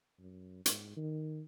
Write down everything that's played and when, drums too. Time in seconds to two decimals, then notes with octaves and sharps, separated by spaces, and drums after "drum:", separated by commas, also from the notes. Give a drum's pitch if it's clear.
0.19 F#2
0.66 G#2, drum: hi-hat
0.97 D#3